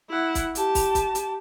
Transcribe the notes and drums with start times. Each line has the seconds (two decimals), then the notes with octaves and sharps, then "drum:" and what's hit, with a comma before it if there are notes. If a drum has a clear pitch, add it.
0.10 E4 F#5
0.35 drum: kick, hi-hat
0.55 G4 A5, drum: hi-hat
0.75 drum: kick, open hi-hat
0.95 drum: kick, hi-hat
1.15 drum: hi-hat